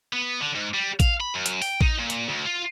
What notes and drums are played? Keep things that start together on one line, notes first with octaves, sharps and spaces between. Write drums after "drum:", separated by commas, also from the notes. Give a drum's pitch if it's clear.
B3
D3
G#2
G3
F5, drum: kick A1, hi-hat
B5
F#2
drum: hi-hat
G5, drum: open hi-hat
D#4, drum: kick A1
A#2
drum: hi-hat
D2
F4